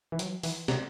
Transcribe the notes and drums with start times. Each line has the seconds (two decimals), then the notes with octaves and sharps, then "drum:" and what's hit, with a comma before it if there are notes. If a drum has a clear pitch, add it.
0.12 E3
0.19 F#3, drum: hi-hat
0.43 E3, drum: open hi-hat
0.68 C3, drum: snare